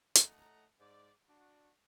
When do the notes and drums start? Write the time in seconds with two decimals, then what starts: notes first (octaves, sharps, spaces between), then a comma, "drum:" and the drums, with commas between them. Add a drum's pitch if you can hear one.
0.15 A2 A3 D#5 F#5 A#5, drum: hi-hat
0.79 G#2 D5
1.28 D4 F#4